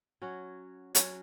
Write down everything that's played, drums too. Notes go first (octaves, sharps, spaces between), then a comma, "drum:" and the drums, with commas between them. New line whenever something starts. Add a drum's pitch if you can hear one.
F#3 C#4 F#4
F#3 C#4 F#4, drum: hi-hat